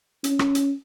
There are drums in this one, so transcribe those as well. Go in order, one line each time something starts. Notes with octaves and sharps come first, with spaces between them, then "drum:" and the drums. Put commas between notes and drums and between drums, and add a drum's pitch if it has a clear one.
C#4, drum: hi-hat
drum: rim click
drum: hi-hat